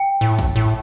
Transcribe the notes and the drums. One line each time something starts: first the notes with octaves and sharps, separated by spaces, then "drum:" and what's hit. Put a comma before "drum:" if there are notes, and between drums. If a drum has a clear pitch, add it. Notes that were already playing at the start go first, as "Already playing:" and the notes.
Already playing: G5
A2
drum: kick, hi-hat
A2